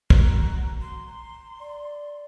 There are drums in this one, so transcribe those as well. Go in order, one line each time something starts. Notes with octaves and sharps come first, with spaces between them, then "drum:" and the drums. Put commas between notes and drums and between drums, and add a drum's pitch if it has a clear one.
F#4 A#5, drum: kick
C6
D5